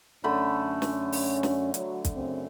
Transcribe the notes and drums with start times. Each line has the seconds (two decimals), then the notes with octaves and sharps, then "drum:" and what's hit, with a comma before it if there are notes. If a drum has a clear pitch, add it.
0.24 F#2 D3 A3 C#4 B5
0.82 drum: snare
1.12 drum: open hi-hat
1.43 drum: snare
1.74 F#3, drum: hi-hat
2.05 drum: kick, hi-hat
2.15 F#2 C#3 C4